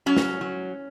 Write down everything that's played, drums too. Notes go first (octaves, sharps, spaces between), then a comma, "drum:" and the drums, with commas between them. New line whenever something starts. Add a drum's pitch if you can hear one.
F#3 C#4
drum: snare
F#3